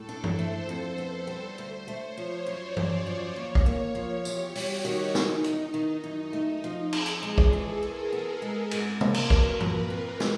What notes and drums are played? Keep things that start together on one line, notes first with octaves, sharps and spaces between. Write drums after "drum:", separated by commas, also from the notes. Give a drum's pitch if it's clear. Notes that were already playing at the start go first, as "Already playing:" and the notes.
Already playing: A2 A4
D4
C5, drum: tom G2
A3
F2
B3
G3
D2 C5
A3
C#5
F3
F#2 D5
F#2, drum: tom G2
F3
D#2 C#5
drum: kick
A#3
F3
E2 G4, drum: tambourine
G3 F#4, drum: open hi-hat
D#3 D#4
E2, drum: snare
E2, drum: hi-hat
D#3
F#2
A3
F3
F2 G#4, drum: cymbal
drum: hi-hat
G#3
A4, drum: kick
E3
E2 A#4
B3
G#3
G#2 B4, drum: cymbal
A#3 A#4, drum: tom
drum: cymbal
F#3 B4, drum: kick
A#2 A#4, drum: tom G2
C4
G#3, drum: snare